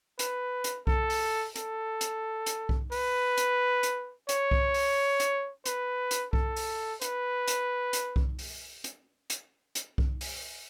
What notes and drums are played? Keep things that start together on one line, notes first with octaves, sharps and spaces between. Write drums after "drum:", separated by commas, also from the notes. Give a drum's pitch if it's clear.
B4, drum: hi-hat
drum: hi-hat
A4, drum: kick C2
drum: open hi-hat
A4, drum: hi-hat
drum: hi-hat
drum: hi-hat
drum: kick C2
B4, drum: open hi-hat
drum: hi-hat
drum: hi-hat
C#5, drum: hi-hat
drum: kick C2
drum: open hi-hat
drum: hi-hat
B4, drum: hi-hat
drum: hi-hat
A4, drum: kick C2
drum: open hi-hat
B4, drum: hi-hat
drum: hi-hat
drum: hi-hat
drum: kick C2
drum: open hi-hat
drum: hi-hat
drum: hi-hat
drum: hi-hat
drum: kick C2
drum: open hi-hat